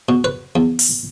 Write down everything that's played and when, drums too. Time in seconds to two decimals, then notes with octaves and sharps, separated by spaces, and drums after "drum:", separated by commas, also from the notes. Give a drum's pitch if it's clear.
0.09 B2
0.24 B4
0.56 E2
0.79 drum: open hi-hat